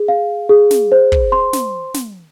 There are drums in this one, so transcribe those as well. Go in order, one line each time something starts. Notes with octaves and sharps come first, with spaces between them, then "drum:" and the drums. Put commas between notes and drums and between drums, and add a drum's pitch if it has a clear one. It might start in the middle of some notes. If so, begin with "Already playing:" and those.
Already playing: G#4
F5
G#4
drum: snare
C5
drum: kick
C6
drum: snare
drum: snare